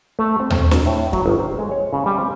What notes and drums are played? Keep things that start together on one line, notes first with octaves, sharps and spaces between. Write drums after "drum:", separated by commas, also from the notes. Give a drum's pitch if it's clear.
A3
C4
drum: tom D#2
C4, drum: snare
A2
F#3, drum: kick
G1
C5
G#3
C#5
C#3
G3
C4